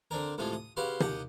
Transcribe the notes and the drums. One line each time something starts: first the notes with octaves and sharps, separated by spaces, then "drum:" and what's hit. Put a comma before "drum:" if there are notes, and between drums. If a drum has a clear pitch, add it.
D3 C4 D4 A#4
A2 C3 G#3 A3 F4
D#6
C#3 F#4 G4 B4 F5 C6
D#2 G4 F#5 G5 D#6, drum: tom